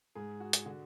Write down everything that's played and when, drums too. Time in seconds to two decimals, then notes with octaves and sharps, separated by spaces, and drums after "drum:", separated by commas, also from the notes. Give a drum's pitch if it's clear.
0.15 G#2 G#4
0.40 F#4
0.53 G#4, drum: hi-hat
0.66 D3 F#4